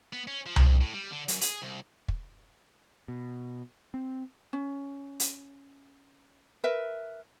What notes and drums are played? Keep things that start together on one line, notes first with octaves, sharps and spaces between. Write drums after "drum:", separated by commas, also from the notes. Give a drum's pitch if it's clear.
B3
C#4
F3
drum: tom C2
F2
A2
G3
D3
F#2, drum: hi-hat
G#4, drum: hi-hat
C2
drum: kick
B2
C4
C#4
drum: hi-hat
A#4 B4 E5